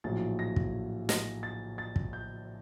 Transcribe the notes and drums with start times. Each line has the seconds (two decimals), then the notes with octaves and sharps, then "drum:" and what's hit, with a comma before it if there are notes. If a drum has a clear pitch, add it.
0.04 A#1 A2 F#3 A6
0.39 A#6
0.56 drum: kick
1.09 A#6, drum: snare
1.43 A6
1.78 A6
1.96 drum: kick
2.13 G6